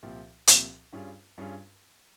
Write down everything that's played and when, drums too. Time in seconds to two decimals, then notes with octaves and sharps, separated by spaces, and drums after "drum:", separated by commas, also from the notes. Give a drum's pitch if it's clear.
0.03 C2 A#2 F3 C4 G4
0.47 C2 A#2 F3 C4 G4, drum: hi-hat
0.93 G2 G3 C#4 F4 G#4
1.38 G2 G3 C#4 F4 G#4